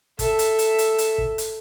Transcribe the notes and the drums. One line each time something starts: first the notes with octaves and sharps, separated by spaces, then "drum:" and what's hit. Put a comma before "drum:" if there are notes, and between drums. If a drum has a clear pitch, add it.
A4 E5, drum: kick, hi-hat
drum: hi-hat
drum: hi-hat
drum: hi-hat
drum: hi-hat
drum: kick
drum: hi-hat